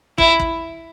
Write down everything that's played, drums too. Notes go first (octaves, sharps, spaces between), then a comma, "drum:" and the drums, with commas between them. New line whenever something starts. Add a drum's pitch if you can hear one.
E4, drum: kick
drum: kick